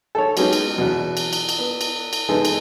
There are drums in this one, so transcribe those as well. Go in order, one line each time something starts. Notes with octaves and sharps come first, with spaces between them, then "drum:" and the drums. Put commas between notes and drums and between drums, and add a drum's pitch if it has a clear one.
A4 C#5
F#3 G#3 B3 C#4 D#4 G4, drum: cymbal
drum: cymbal
E2 B2 F#3
drum: cymbal
drum: cymbal
drum: cymbal
B3
drum: cymbal
drum: cymbal
E3 G#3 B3 D#4 G#4 A4
drum: cymbal